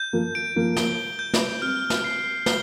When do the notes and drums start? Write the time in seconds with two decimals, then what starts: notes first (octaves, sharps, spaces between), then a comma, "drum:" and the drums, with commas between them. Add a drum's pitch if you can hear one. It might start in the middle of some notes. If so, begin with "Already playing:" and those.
Already playing: G6
0.13 F3 A#3
0.35 D7
0.56 F3 A#3
0.77 G7, drum: snare
1.19 G6
1.34 drum: snare
1.62 G3 C4 F6
1.90 drum: snare
2.04 C7
2.46 G7, drum: snare